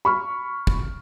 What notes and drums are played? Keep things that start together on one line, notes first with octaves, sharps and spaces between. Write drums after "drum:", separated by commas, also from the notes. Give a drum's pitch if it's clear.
B5 C#6 F6
drum: kick